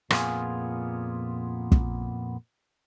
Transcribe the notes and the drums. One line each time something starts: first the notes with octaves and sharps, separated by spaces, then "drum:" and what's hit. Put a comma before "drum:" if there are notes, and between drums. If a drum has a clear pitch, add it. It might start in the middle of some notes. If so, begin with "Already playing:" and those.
F2 A#2 B3 F4 G#4 G#5, drum: rim click
drum: kick